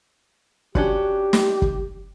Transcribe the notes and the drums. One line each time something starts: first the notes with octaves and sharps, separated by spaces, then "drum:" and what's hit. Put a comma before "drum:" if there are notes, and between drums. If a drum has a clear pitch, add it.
C#4 D4 F#4 G4, drum: kick
drum: snare
drum: kick